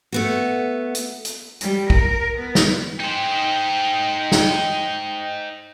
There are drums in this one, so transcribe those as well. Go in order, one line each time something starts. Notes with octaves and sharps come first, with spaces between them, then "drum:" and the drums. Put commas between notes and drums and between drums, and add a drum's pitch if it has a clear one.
A3 B3 F#4
drum: hi-hat
drum: hi-hat
G3, drum: hi-hat
A#4, drum: kick
B3
drum: snare
D#4 C5 G5
drum: snare